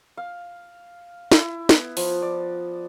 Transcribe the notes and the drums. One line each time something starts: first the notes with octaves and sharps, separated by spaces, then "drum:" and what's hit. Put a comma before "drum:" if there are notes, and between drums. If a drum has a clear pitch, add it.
F5
E4, drum: snare
B3, drum: snare
F3, drum: open hi-hat
D5